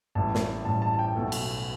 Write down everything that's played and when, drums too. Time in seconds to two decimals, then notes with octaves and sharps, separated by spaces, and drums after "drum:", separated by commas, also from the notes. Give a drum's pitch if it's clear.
0.15 A1 A2 G3 A5
0.34 drum: snare
0.65 A1 A2 G3 A5
0.82 A5
0.94 A5
0.99 G5
1.15 B1 B2 A3
1.32 drum: cymbal